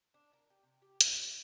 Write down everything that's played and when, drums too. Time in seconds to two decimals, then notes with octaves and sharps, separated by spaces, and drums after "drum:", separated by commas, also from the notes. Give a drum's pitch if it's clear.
0.14 D4
0.33 A#4
0.50 G4
0.63 C3
0.82 G4
1.01 G3, drum: hi-hat